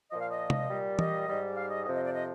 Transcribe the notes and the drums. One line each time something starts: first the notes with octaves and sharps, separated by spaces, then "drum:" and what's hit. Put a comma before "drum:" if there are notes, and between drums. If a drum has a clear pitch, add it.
A#2 F3 D#5
F5
D#5
drum: tom C3
A#2 G3
D#5, drum: tom E3
G#2 G3
F5
D#5
F2 C3 F3 D#5
D#5
D5
D#5